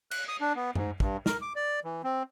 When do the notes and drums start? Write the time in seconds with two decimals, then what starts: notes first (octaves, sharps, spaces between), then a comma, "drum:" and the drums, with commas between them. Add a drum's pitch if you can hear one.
0.11 F#6, drum: cymbal
0.29 D#6
0.41 D4
0.55 B3
0.75 G#2, drum: tom F#2
1.00 G2, drum: kick
1.26 A#4, drum: snare
1.42 D6
1.56 D5
1.84 E3
2.04 C4